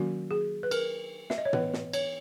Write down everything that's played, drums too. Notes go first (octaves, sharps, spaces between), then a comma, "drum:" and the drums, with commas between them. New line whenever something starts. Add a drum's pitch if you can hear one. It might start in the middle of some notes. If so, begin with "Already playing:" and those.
Already playing: D#3 F#3 A#3 C#4 F#4
G#4
B4
A#4, drum: cymbal
E5, drum: snare
D#5
C#5
E3 B3 B4, drum: tom
drum: snare
C#5, drum: cymbal